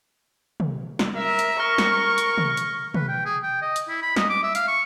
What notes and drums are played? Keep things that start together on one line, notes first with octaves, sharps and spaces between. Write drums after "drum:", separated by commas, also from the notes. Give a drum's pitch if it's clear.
drum: tom
drum: snare
A#4 E5
drum: hi-hat
A#4 C#6 F6 A#6
drum: snare
drum: hi-hat
drum: tom
drum: hi-hat
B4, drum: tom
G5
G#4
G5
D#5
drum: hi-hat
E4
B5
D#5, drum: snare
D6
E5
F5, drum: hi-hat
C#6